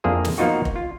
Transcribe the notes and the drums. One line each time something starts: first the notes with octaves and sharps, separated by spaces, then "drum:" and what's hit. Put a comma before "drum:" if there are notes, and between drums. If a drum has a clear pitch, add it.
F2 A#3 D4 E4 G#4 C5
drum: snare
F3 A#3 B3 D#4 F4 F#4
drum: kick F1
F4